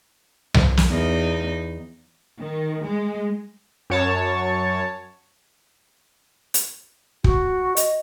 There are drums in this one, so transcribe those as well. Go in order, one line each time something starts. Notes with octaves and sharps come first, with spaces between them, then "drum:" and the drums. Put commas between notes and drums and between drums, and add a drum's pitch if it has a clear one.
drum: tom C2
drum: snare
E2 D#4
D#3
G#3
F#2 C#5 A5
drum: hi-hat
F#4, drum: kick
D#5, drum: hi-hat